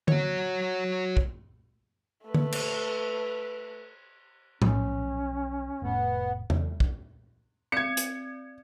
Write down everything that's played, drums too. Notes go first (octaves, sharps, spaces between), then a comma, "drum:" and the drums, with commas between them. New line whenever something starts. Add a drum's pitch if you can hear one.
F#4 C#5, drum: tom D3
drum: kick
A3 B4
drum: tom D3
drum: cymbal
B1 F3 C#4, drum: tom A2
F1 A2 B3
drum: tom E2
drum: kick
C4 D5 G#6 C#7
drum: hi-hat